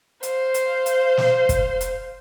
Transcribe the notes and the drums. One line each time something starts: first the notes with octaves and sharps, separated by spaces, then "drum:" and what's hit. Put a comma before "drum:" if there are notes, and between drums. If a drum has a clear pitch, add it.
C5 F5, drum: hi-hat
drum: hi-hat
drum: hi-hat
drum: snare
drum: kick, hi-hat
drum: hi-hat